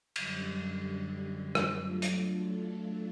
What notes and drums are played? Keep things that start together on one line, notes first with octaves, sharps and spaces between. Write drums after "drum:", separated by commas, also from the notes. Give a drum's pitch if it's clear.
F#2 D3 G3, drum: cymbal
drum: rim click
F#3 A3 D4 F4 A4
drum: hi-hat